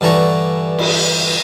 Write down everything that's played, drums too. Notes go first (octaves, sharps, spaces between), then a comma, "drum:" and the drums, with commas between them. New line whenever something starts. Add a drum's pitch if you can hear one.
G2 D3 E3 A5 A#5 C#6
drum: cymbal